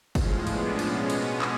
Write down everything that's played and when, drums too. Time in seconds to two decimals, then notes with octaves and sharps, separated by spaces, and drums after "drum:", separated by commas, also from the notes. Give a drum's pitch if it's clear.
0.15 A2 F3 G#3 C#4 F4, drum: kick, cymbal
0.47 B3 D4, drum: cymbal
0.79 B2 G#3 C#4, drum: cymbal
1.10 B3, drum: cymbal
1.42 drum: clap